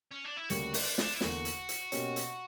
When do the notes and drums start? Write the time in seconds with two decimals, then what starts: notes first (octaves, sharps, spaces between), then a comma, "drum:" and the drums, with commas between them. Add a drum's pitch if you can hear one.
0.11 C#4
0.25 D4
0.37 E4
0.50 D2 C#3 G3 A#3 F#4, drum: hi-hat
0.74 D4, drum: open hi-hat
0.98 D4, drum: snare
1.14 E4
1.21 E2 D3 A#3 F#4, drum: snare
1.45 drum: hi-hat
1.69 drum: hi-hat
1.92 B2 A#3 C#4 G4 C#5, drum: hi-hat
2.16 drum: hi-hat